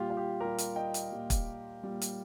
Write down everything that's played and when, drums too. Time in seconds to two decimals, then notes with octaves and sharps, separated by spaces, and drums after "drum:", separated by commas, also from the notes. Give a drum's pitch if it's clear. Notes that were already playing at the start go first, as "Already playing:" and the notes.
Already playing: A#2 G3 F4 G4
0.10 F4
0.17 G4
0.40 A#2 G3 G4 A#4
0.58 drum: hi-hat
0.76 D#5 G5
0.94 drum: hi-hat
1.12 A#2 G3
1.30 drum: kick, hi-hat
1.83 A#2 G3
2.02 drum: hi-hat